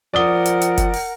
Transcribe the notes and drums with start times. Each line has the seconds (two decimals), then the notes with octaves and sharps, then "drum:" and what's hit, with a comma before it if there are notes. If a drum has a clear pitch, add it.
0.14 F3 A#4 D5 F#5 D#6 G7
0.46 drum: hi-hat
0.62 drum: hi-hat
0.78 drum: kick F#1, hi-hat
0.94 drum: open hi-hat